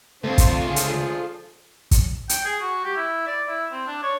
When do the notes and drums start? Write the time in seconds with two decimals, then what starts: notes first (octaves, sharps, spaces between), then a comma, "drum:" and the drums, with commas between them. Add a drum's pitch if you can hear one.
0.24 D2 A3 C4 D4 F4 A4 C5
0.38 drum: kick, hi-hat
0.66 C#2 F3 G#4
0.76 drum: hi-hat
1.91 drum: kick, hi-hat
2.29 G5, drum: hi-hat
2.45 G#4
2.61 F#4
2.84 G4
2.96 E4
3.27 D5
3.48 E4
3.72 C4
3.87 D4
4.02 C#5